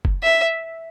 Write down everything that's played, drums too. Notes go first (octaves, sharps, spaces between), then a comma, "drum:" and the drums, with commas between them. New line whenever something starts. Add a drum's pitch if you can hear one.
drum: kick
E5